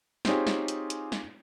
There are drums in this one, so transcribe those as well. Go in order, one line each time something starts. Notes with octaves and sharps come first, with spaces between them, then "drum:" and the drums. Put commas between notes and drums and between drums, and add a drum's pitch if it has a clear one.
C4 D#4 F4 G4 G#4 C#5, drum: snare
drum: snare
drum: hi-hat
drum: hi-hat
drum: snare